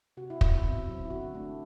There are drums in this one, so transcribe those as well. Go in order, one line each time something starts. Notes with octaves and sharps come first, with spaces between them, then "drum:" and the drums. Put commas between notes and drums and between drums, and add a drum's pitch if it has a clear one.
C3 F#4
E4
G3 C4, drum: kick
E4
B2
F#3 C4
E4
D3 F#4
A3 D4